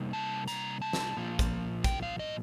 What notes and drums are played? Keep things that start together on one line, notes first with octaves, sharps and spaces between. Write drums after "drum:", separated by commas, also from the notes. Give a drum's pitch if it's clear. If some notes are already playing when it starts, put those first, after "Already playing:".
Already playing: C3 G3 A#3 D#4
A5
A#5, drum: hi-hat
A5
drum: snare
A#2 F3 A#3 F4
drum: kick, hi-hat
G5, drum: kick, hi-hat
F5
D#5